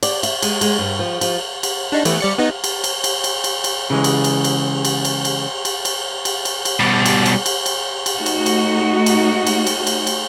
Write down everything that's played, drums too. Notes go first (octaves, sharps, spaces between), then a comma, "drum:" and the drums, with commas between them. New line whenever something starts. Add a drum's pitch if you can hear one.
D5, drum: cymbal
E5, drum: cymbal
G#3, drum: cymbal
G#3, drum: cymbal
G2
F3
F3, drum: cymbal
drum: cymbal
D4 D#4
E3 A3 B3, drum: cymbal
G3 D5 C#7
B3 D#4
drum: cymbal
drum: cymbal
drum: cymbal
drum: cymbal
drum: cymbal
drum: cymbal
C#3 E3 G#3
drum: cymbal
drum: cymbal
drum: cymbal
drum: cymbal
drum: cymbal
drum: cymbal
drum: cymbal
drum: cymbal
drum: cymbal
drum: cymbal
drum: cymbal
B2 G3
drum: cymbal
drum: cymbal
drum: cymbal
drum: cymbal
drum: cymbal
A3 D#4 F#4
drum: cymbal
drum: cymbal
drum: cymbal
drum: cymbal
drum: cymbal
drum: cymbal
drum: cymbal